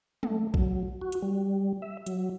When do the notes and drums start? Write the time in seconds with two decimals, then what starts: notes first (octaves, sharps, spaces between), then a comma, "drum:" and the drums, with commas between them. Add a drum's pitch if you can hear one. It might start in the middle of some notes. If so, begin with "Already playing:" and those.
0.23 A3, drum: tom
0.54 F#3, drum: kick A#1
1.02 F#4
1.12 drum: hi-hat
1.22 G3
1.82 E5
2.06 F#3, drum: hi-hat